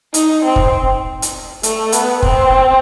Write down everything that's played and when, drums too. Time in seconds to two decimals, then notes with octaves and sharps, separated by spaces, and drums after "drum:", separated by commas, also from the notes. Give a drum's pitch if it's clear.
0.14 D#4, drum: hi-hat
0.44 C4
0.56 drum: kick
1.22 drum: hi-hat
1.63 A3, drum: hi-hat
1.92 B3, drum: hi-hat
2.23 C4, drum: kick